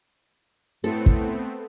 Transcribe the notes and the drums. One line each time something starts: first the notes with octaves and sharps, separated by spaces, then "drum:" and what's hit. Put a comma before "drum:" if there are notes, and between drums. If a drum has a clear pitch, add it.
A2 A3 B3 C4 A4
drum: kick